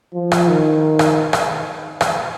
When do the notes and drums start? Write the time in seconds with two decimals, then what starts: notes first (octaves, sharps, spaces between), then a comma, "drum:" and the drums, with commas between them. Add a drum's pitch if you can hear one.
0.14 F3
0.32 drum: rim click
0.48 D#3
0.99 drum: rim click
1.33 drum: rim click
2.01 drum: rim click